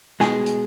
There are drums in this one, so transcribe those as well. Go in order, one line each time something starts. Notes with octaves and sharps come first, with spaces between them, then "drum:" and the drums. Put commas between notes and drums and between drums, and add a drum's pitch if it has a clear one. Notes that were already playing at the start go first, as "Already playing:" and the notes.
B2 G#3 G#4, drum: snare
drum: hi-hat